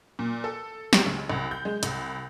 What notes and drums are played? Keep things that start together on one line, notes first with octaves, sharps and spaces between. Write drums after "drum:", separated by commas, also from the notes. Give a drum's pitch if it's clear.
A#2
A4
G4, drum: snare
C#2
C2
G6
G#3
C2, drum: hi-hat